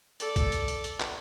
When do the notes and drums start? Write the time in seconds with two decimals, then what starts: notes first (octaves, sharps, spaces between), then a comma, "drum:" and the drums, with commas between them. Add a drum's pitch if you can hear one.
0.20 A4 D5, drum: hi-hat
0.36 drum: kick A#1, hi-hat
0.52 drum: hi-hat
0.68 drum: hi-hat
0.84 drum: hi-hat
1.00 drum: clap